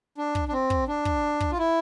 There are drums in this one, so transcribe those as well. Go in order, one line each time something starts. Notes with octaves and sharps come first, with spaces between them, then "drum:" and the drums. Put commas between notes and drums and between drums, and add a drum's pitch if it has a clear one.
D4
drum: kick
D4
C4
drum: kick
D4
drum: kick
drum: kick
F4
E4